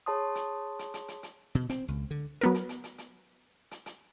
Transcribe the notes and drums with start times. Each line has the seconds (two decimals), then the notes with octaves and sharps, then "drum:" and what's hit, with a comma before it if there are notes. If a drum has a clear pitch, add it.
0.06 G#4 C#5 A5 C6 D#6
0.35 drum: hi-hat
0.79 drum: hi-hat
0.94 drum: hi-hat
1.08 drum: hi-hat
1.23 drum: hi-hat
1.55 B2
1.70 C4, drum: hi-hat
1.88 C#2
2.11 D3
2.41 F#3 B3 A#4
2.54 drum: hi-hat
2.69 drum: hi-hat
2.84 drum: hi-hat
2.98 drum: hi-hat
3.71 drum: hi-hat
3.86 drum: hi-hat